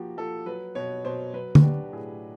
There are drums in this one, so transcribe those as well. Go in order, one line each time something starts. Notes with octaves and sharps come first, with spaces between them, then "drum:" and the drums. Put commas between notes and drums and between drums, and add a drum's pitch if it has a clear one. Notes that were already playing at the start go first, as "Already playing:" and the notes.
Already playing: F3 A#3 F#4 G4
F3 A4
F#3 B4
B2 C#5
B2 C5
F#3 B4
F#4, drum: tom D3
D4 G4
A2 G#4